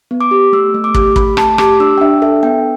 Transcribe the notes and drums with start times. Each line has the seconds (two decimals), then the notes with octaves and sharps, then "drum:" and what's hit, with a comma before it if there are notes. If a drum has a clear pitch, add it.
0.11 B3
0.21 D6
0.31 G4
0.53 A3 E6
0.74 A3
0.84 D6
0.95 G4, drum: kick
1.16 A3 B5, drum: kick
1.37 A3 A5, drum: rim click
1.58 G4 D6, drum: rim click
1.80 D4 E6
1.98 G5
2.01 D4 E5
2.22 A4 E5
2.43 B3 G5